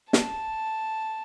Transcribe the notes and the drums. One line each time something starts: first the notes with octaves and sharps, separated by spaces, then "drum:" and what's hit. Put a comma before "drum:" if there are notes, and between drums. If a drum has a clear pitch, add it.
A5, drum: snare